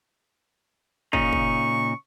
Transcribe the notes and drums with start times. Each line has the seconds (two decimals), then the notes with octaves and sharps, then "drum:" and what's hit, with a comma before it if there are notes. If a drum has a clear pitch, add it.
1.13 A#2 C#3 D#4 C#6, drum: kick
1.33 drum: kick